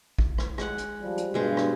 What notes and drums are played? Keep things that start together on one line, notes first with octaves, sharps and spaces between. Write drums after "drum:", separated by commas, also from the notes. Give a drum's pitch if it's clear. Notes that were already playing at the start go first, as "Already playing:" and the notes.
drum: kick A1
drum: rim click
G#3 F#5, drum: rim click
drum: hi-hat
F3 G3
drum: hi-hat
G2 B2 G#3 C5
drum: rim click